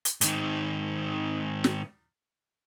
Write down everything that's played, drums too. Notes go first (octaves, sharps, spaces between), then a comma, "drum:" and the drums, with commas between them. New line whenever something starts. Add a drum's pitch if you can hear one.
drum: hi-hat
G#2 D#3, drum: hi-hat
drum: snare